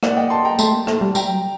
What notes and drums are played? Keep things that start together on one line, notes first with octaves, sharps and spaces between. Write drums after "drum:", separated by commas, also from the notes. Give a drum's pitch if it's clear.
A#3 D5 F#5, drum: rim click
D#5 G5
A5 C6
G5 A#5
A3 A5 C6, drum: tambourine
A#3
A3, drum: rim click
G3
G3 G5 A#5, drum: tambourine
F#3